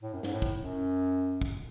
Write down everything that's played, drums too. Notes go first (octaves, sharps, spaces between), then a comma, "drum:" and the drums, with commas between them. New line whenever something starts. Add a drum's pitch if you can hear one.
A2
F#2
G#2, drum: snare
A2
drum: kick
F#2
drum: kick